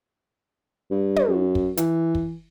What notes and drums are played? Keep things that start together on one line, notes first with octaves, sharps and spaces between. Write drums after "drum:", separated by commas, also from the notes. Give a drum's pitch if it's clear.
G2
drum: tom
F#2
drum: kick
E3, drum: hi-hat
drum: kick